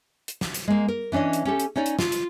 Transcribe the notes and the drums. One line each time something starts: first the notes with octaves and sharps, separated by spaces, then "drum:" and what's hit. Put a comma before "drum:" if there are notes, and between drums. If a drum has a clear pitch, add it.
drum: hi-hat
drum: snare
drum: hi-hat
G#3 A#3
A#4
E3 C#4 D4 C#5 D#5
drum: hi-hat
C#4 G4 A4
drum: hi-hat
C#4 D#4 C#5 D5
drum: hi-hat
F4, drum: snare
drum: hi-hat